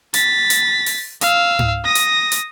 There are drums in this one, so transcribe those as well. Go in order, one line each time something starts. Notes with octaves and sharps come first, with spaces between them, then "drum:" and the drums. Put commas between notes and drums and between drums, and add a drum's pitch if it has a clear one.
A6 B6, drum: hi-hat
drum: hi-hat
drum: open hi-hat
F5 E6, drum: hi-hat
drum: tom G#2
D#6 A#6
drum: hi-hat
drum: hi-hat